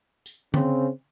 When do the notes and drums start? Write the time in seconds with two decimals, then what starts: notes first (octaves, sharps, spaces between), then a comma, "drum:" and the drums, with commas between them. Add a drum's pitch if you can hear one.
0.26 drum: tambourine
0.54 C#3 C4, drum: tom D3